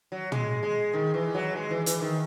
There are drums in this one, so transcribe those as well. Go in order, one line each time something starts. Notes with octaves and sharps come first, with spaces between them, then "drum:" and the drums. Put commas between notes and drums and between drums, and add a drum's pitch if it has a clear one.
F#3
G#3, drum: tom
G#3
D#3
E3
F#3
G#3
E3
E3, drum: hi-hat
D#3